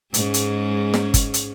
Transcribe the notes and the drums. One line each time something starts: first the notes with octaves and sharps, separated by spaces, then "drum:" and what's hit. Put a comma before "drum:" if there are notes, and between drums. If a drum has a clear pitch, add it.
G#2 G#3 C#4, drum: hi-hat
drum: hi-hat
drum: snare
drum: kick G1, hi-hat
drum: hi-hat